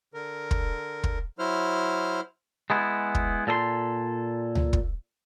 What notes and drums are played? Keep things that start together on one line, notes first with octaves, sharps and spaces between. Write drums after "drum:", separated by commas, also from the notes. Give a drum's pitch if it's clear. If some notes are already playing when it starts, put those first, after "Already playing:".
D3 A#4
drum: kick
drum: kick
F#3 E4 C5 F6
G#3 B3 E4
drum: kick
A#2 A4 C5 C6
drum: tom C#2
drum: kick